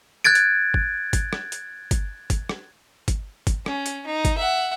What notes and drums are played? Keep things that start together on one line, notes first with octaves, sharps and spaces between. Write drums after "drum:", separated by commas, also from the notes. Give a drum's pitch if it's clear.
F#6 G#6 A6 D7
drum: hi-hat
drum: kick
drum: kick, hi-hat
drum: rim click
drum: hi-hat
drum: kick, hi-hat
drum: kick, hi-hat
drum: rim click
drum: kick, hi-hat
drum: kick, hi-hat
C#4, drum: rim click
drum: hi-hat
D#4
drum: kick, hi-hat
E5 F#5